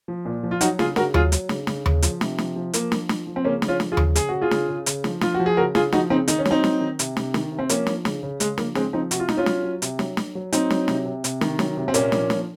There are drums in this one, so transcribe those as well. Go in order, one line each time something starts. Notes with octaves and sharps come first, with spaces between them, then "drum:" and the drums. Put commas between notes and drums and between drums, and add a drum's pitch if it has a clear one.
F3
A#2
F3
F4
F#3 D#4 F#4, drum: hi-hat
C#3 F4 G#4, drum: snare
C#3 F#4 A#4, drum: snare
F#3 F4 G#4, drum: tom D#2
F#3, drum: hi-hat
C#3, drum: snare
C#3, drum: snare
C#3, drum: tom D#2
F3, drum: hi-hat
C3, drum: snare
F3, drum: snare
F3
F3 A#3, drum: hi-hat
F3, drum: snare
F3, drum: snare
F3
C4
C#3 A#3 C#4
F3, drum: snare
C#4 F4
F3, drum: snare
F4 G#4
C#3, drum: tom D#2
C#3 G#4, drum: hi-hat
C#3 F#4
F4 G#4
C#3, drum: snare
C#3
C#3, drum: hi-hat
F3, drum: snare
F3 F4, drum: snare
F#4
F3
G#4
C#3 F#4 A#4
C#3 F4 G#4, drum: snare
F3 D#4 F#4, drum: snare
C#3 C4 D#4
D#3 D#4, drum: hi-hat
C#4
F#3, drum: snare
C4 D#4
F#3, drum: snare
D#3
C3, drum: hi-hat
C3, drum: snare
D#3, drum: snare
C3
C4
F3 A#3 C#4, drum: hi-hat
F3, drum: snare
C#3, drum: snare
C#3
C#3 G#3, drum: hi-hat
F3 A#3, drum: snare
C#3 G#3 C4, drum: snare
F3 C4 D#4
C3 F#4, drum: hi-hat
F4
C3 D#4, drum: snare
C#4 F4
F#3, drum: snare
F#3
C3, drum: hi-hat
F#3, drum: snare
F#3, drum: snare
F#3
F#3 C4 D#4, drum: hi-hat
F#3, drum: snare
C3, drum: snare
C3
C3, drum: hi-hat
D#3, drum: snare
F#3, drum: snare
C3
C4
A#2 A#3 C#4, drum: hi-hat
F3, drum: snare
F3, drum: snare